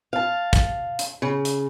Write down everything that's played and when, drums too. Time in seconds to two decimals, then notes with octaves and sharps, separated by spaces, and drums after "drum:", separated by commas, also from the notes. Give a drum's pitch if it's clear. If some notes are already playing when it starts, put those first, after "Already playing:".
0.13 F5 A5
0.53 drum: kick, hi-hat
0.99 drum: hi-hat
1.22 C#3
1.45 drum: hi-hat